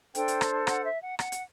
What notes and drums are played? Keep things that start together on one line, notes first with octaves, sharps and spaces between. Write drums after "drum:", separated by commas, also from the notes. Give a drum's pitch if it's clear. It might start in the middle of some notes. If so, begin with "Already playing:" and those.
D4 A4 C5 G5, drum: hi-hat
drum: hi-hat
drum: rim click
F#5, drum: rim click
E5
F#5
F#5, drum: rim click
drum: hi-hat